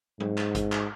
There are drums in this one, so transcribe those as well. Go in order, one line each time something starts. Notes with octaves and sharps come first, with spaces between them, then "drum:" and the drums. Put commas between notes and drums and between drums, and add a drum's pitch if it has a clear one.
G#2, drum: tom F#3
drum: clap
drum: kick A1, hi-hat
drum: clap